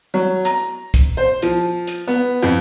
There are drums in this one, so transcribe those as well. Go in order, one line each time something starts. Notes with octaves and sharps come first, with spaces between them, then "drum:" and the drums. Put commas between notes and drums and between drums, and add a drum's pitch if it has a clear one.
F#3
A#5, drum: hi-hat
drum: kick C2, hi-hat
C5
F3, drum: hi-hat
drum: hi-hat
B3
F2